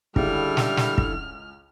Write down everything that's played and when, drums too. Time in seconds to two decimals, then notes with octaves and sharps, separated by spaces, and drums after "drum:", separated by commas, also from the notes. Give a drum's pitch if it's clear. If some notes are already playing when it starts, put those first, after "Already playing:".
0.16 C#2 D3 G3 E4 A4 F6, drum: kick
0.57 drum: snare
0.77 drum: snare
0.98 drum: kick